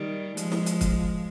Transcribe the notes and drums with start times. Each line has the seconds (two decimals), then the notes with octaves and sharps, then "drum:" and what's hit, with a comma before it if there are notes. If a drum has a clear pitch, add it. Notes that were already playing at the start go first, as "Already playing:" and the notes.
Already playing: D#3 G3
0.37 F3 G#3, drum: hi-hat
0.52 drum: snare
0.66 drum: hi-hat
0.81 drum: kick, hi-hat